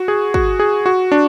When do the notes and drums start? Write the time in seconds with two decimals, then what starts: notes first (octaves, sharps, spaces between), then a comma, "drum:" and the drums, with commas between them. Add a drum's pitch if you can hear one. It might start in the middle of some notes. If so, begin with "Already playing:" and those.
Already playing: F#4
0.08 G#4
0.34 F#4, drum: kick
0.60 G#4
0.86 F#4
1.12 D4